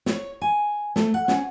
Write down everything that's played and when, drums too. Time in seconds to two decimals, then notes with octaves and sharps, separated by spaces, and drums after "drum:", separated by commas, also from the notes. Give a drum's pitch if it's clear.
0.06 C#5, drum: snare
0.42 G#5
0.96 A3, drum: snare
1.14 F#5
1.28 C#4, drum: snare